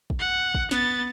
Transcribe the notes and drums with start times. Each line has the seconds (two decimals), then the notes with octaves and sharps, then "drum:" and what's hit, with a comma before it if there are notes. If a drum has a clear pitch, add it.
0.10 drum: kick
0.20 F#5
0.54 drum: kick
0.71 B3 A6, drum: snare